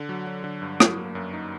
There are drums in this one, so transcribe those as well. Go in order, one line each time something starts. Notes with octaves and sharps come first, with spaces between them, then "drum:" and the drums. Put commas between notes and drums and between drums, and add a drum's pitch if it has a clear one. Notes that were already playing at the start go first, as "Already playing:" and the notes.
Already playing: D3
F#3
F#3
D3
G2
F#3, drum: rim click
A#3
F#2
D#4